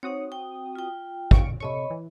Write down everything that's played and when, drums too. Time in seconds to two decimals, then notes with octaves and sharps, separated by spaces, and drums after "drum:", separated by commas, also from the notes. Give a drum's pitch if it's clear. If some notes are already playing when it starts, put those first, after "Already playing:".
0.03 C4 D#4 F#4 C#5 D#6
0.32 G5
0.75 F4 G5
1.31 F5 C#6 D7, drum: kick
1.60 C3 A4 C#5 D#5 B5 C#6
1.90 E3